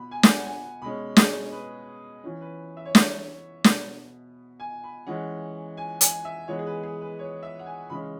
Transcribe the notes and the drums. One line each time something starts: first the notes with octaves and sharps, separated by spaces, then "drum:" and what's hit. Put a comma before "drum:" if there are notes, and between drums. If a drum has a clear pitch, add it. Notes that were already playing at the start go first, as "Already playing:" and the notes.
Already playing: B2 B3 B5
G#5
drum: snare
F#5
G#5
B2 G#3 C#4 B5
G#4, drum: snare
B4
E3 C#4
B4
E5
C#5
E5, drum: snare
B2 B3, drum: snare
G#5
B5
E3 G#3 C#4 F#5
G#5
G#5, drum: hi-hat
E5
E3 G#3 B3 C#5
G#4
B4
G#4
B4
C#5
E5
F#5
G#5
C#3 E3 G#3 C#4 B5